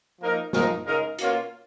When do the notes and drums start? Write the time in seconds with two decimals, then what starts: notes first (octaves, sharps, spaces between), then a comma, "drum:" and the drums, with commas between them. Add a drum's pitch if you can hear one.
0.21 F3 A#3 D#4 A#4
0.53 F3 G#3 D#4 A#4, drum: snare
0.85 C#3 G#3 D#4 A#4
1.19 B2 A#3 C#4 F4, drum: hi-hat